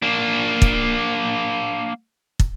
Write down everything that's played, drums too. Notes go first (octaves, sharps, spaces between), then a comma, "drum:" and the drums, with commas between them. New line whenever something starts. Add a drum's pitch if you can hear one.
A#3 D4
drum: kick
drum: kick